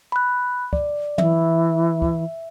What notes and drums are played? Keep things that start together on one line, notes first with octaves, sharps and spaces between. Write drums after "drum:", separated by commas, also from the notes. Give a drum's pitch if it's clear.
B5 F#6
D5, drum: kick
E3 E5, drum: tom
drum: kick